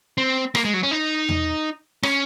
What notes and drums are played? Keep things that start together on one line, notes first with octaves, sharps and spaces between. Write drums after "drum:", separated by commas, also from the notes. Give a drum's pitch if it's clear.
C4
A#3, drum: rim click
G#3
F#3
C#4
D#4
drum: tom E2
C#4, drum: rim click